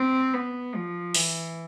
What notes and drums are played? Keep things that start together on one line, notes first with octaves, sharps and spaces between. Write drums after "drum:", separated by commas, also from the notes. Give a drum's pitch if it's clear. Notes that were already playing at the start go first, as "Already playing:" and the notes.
Already playing: C4
B3
F3
E3, drum: open hi-hat